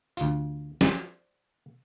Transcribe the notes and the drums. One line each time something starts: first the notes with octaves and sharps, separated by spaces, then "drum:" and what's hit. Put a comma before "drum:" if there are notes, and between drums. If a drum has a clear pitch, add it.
D2 F4, drum: tambourine
C5 D5, drum: snare